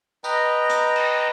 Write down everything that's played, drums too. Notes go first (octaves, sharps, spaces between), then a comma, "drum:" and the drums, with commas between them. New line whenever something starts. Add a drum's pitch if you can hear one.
B4 D#5 G5 A#5, drum: tambourine
drum: hi-hat
drum: cymbal